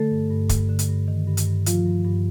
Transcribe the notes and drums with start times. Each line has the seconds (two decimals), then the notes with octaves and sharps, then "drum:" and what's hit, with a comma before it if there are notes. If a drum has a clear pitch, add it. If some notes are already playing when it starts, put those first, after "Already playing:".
Already playing: D3 A3 A4
0.11 G2
0.31 G2
0.49 G2, drum: kick, hi-hat
0.69 D3
0.79 drum: hi-hat
0.88 G2
1.08 D#3
1.28 G2
1.37 drum: hi-hat
1.46 G2
1.66 G2 F3 F4, drum: hi-hat
1.86 G2
2.05 G2